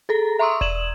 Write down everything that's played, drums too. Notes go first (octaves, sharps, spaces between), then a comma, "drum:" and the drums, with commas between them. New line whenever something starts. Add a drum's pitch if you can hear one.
G#4 A4 A#5
E5 A#5 C6 C#6 D#6 E6
D5 G#6 E7 F#7, drum: kick E1